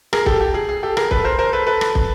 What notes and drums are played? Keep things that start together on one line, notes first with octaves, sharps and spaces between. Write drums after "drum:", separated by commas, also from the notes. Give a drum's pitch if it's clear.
G#4 A#4, drum: rim click
G4 A4, drum: kick
G4
G#4
G#4
G4 A4
G#4 A#4, drum: rim click
A4 B4, drum: kick
A#4 C5
A#4 C5
A4 B4
A4 B4
drum: rim click
drum: kick